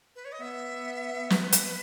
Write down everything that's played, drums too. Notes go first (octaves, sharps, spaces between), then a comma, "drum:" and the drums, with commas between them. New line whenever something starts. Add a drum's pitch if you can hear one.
B4
C#5
D#5
B3 E5
B4, drum: snare
drum: hi-hat